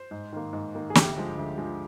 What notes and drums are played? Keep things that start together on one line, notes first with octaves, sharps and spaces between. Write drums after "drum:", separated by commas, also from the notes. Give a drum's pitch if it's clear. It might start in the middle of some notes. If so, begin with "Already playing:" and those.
Already playing: C5
G#2
D#3 A#3
G#2
D#3 A#3
G#4
D2 G4, drum: snare
D3 F3 G#3
D2
D3 F3 G#3